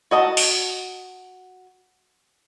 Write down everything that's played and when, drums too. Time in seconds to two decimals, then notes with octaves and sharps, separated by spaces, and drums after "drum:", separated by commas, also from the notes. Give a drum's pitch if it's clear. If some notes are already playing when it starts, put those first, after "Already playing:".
0.11 F#4 D#5 A5 A#5
0.37 drum: open hi-hat